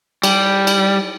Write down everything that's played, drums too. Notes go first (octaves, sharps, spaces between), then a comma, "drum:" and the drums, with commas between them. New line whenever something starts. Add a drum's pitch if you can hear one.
G3, drum: cymbal
drum: cymbal